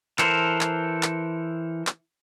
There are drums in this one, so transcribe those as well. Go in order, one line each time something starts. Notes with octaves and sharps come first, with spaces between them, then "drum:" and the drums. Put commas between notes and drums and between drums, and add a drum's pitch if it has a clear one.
E3 A4 A#4 C5, drum: clap
drum: clap
drum: clap
drum: clap